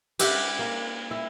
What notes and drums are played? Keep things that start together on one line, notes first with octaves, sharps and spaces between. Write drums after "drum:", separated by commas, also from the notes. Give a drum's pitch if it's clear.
G4 B4 E5 F#5, drum: cymbal
A#3
E4